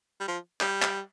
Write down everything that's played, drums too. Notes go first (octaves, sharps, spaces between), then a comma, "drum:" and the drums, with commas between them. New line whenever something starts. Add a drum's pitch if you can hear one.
G3
F3
G3, drum: clap
drum: clap